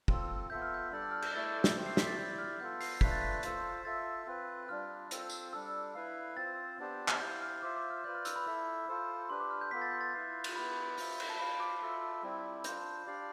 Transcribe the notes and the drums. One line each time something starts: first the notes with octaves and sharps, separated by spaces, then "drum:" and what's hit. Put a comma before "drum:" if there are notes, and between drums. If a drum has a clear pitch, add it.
C4 F4 A4, drum: kick
B3 F4 A4 E5 G6
F6
G6
G3 D4 A4 D5
F6
G6, drum: cymbal
A3 E4 A4 D5 A6
drum: snare
A3 C4 G4 C5
C7
B6, drum: snare
A6
E4 G4 D5 G6
F6
B3 F4 A4 G6
C7, drum: open hi-hat
C7
A3 D4 F4 B4 B6, drum: kick
A6
B6
F4 A4 C5, drum: hi-hat
F4 A4 E5 A6
C4 F4 B4
G3 D4 F4 F6
C4 F4 A4 C5, drum: hi-hat
drum: tambourine
G3 D4 A4 E6
E4 B4 F5
C4 F4 C5 A6
B3 D4 G4 C5
drum: clap
E4 G4 C5 F5 G6
F6
F4 C5 E5 D6
D6
F6
F4 B4 D5 G6
F6
E6, drum: hi-hat
B5
E4 A4 E5
F4 A4 C5
D4 G4 B4 C6
D6
F6
G6
B3 F4 A4 B6
A6
G6
A6
E4 B4 F5
drum: cymbal
B3 E4 B4 B5
F4 C5 E5, drum: open hi-hat
drum: cymbal
A5
F4 C5 F5 B5
D6
F4 A4 E5
G3 C4 E4
D4 F4 C5 G6, drum: hi-hat
D4 G4 D5 F5